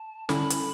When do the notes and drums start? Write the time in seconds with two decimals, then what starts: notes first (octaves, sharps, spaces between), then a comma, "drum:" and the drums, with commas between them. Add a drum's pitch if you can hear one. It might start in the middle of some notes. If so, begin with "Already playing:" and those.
Already playing: A5
0.29 D3 G3 C#4 E4 A4 B5, drum: snare
0.50 drum: hi-hat